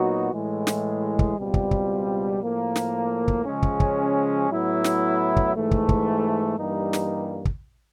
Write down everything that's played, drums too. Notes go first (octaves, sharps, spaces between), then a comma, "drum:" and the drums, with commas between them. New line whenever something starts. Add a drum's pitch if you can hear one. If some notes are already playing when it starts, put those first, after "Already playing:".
Already playing: A#2 F#3 B3 D#4 F#4
A2 E3 G#3
drum: snare
drum: kick
C#2 B2 G3 C4 F4
drum: kick
drum: kick
A2 F3 A#3
drum: snare
drum: kick
C#3 F3 G#3 C#4
drum: kick
drum: kick
A2 F#3 B3 E4
drum: snare
drum: kick
G#2 E3 A3
drum: kick
drum: kick
G2 E3 G3 A#3 D#4
drum: snare
drum: kick